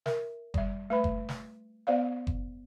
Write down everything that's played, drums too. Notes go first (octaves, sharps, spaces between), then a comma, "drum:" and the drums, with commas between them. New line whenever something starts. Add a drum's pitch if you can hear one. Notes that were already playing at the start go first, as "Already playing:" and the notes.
A#4 E5, drum: snare
G3 E5, drum: kick F#1
A3 B4 B5
drum: kick F#1
drum: snare
B3 C5 D5 F5
drum: kick F#1